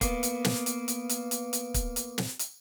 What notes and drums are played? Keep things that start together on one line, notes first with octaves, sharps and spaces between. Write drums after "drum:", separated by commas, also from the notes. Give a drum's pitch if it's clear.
A#3 B3, drum: kick, hi-hat
drum: hi-hat
drum: snare
drum: hi-hat
drum: hi-hat
drum: hi-hat
drum: hi-hat
drum: hi-hat
drum: kick, hi-hat
drum: hi-hat
drum: snare
drum: hi-hat